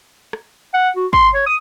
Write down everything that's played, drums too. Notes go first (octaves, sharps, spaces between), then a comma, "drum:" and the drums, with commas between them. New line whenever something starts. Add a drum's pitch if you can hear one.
drum: rim click
F#5
F#4
C6, drum: kick
C#5
D#6